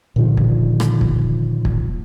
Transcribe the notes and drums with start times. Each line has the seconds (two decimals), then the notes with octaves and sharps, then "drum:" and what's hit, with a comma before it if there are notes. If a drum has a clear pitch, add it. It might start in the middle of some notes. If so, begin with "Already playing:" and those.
0.16 A#2 D3 D#3 F3
0.37 drum: kick
0.80 drum: rim click
1.01 drum: kick
1.65 drum: kick